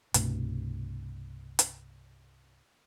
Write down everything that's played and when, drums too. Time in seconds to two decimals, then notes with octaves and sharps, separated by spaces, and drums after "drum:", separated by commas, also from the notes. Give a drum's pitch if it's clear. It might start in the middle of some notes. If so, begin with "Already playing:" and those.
0.14 C2 G2 B2 A3, drum: hi-hat
1.59 drum: hi-hat